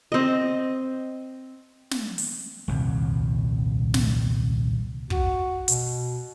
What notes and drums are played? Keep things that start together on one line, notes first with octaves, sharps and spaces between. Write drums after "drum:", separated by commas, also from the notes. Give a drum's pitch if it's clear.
C4 D#5
drum: snare
drum: open hi-hat
D#1 C2 F2
drum: snare
F#4, drum: kick
B2, drum: hi-hat